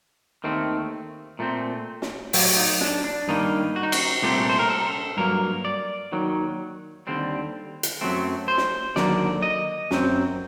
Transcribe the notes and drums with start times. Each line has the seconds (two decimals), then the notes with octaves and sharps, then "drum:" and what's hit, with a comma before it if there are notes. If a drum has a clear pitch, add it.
0.44 D#2 D#3 A3 C4
1.39 A#2 A3 C4
2.02 drum: snare
2.33 A2 F#3 A3 G4, drum: open hi-hat
2.57 D#4
2.81 D4, drum: snare
3.04 D4
3.28 G2 D#3 G3 A#3 D#4
3.76 F#4
3.83 D#4
3.92 F#4, drum: cymbal
4.22 C2 A#2 A3 C4 G4
4.49 C5
4.59 A#4
4.70 A4
5.17 G2 F#3 A#3 A#4
5.65 D5
6.12 D#2 D#3 F#3
7.07 D#2 D3 G3 C4
7.83 drum: hi-hat
8.01 F#2 F#3 A3 C4
8.48 C5
8.57 drum: snare
8.96 D#2 D3 F#3 A#3 D5, drum: snare
9.43 D#5
9.91 F#2 F#3 C4, drum: snare